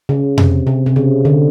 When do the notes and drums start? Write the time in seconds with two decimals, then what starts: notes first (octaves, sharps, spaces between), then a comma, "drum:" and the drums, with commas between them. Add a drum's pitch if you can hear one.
0.09 C#3
0.38 C3, drum: tom F2
0.67 C3
0.86 C3
0.96 C#3
1.25 D3